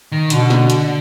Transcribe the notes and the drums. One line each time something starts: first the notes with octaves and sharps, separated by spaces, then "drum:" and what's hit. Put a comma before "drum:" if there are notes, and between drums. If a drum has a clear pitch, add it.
D#3
B2 D3, drum: hi-hat
drum: snare
drum: hi-hat